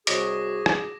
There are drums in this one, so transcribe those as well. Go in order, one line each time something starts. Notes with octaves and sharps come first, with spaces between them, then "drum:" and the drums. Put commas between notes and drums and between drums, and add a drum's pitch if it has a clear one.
C2 F#4 G#4 C#5 D#5 D6 A#6, drum: hi-hat
drum: rim click